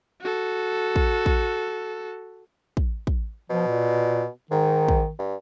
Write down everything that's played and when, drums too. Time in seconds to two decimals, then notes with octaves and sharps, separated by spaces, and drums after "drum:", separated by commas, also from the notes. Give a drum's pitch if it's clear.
0.22 F#4 A4
0.96 drum: kick
1.26 drum: kick
2.77 drum: kick
3.07 drum: kick
3.50 B2 F3
3.68 A#2
4.51 G#2 D#3
4.88 drum: kick
5.19 G2